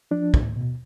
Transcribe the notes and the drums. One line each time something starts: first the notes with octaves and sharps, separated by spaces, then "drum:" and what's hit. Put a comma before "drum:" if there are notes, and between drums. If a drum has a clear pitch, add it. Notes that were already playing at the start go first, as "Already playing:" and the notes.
F3 D4
A2, drum: kick
B2